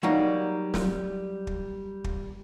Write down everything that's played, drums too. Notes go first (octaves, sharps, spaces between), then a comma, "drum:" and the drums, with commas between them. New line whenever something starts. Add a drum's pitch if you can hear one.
F#3 G3 A#3 D#4
drum: snare
drum: kick
drum: kick